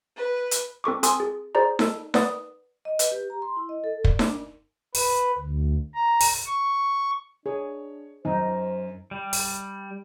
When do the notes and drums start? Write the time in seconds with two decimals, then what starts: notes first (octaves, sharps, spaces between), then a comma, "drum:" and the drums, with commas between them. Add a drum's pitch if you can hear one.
0.15 B4
0.51 drum: hi-hat
0.84 C4 A4 C#6 D6
1.03 C4 A4 G#5 C6 D#6, drum: hi-hat
1.20 G#4
1.55 G#4 C5 D5 A#5
1.79 D#4 A4, drum: snare D#4
2.14 B4 D5 F#5 D#6, drum: snare D#4
2.85 D#5
2.99 B4, drum: hi-hat
3.12 G4
3.30 A#5
3.42 C6
3.57 E4
3.69 D#5
3.84 A4
4.04 D5, drum: kick
4.19 D4, drum: snare D#4
4.95 B4, drum: open hi-hat
5.38 D2
5.94 A#5
6.21 drum: open hi-hat
6.47 C#6
7.46 D4 G#4 C#5
8.25 F#2 D#4 C5
9.11 G3
9.33 drum: open hi-hat